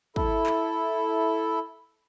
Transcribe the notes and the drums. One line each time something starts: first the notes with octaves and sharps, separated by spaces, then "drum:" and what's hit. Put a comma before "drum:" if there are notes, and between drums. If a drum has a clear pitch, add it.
E4 A4, drum: kick
drum: clap